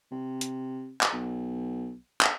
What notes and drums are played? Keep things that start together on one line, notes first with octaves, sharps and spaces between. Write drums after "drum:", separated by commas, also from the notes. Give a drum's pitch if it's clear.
C3
drum: hi-hat
drum: clap
B1
drum: clap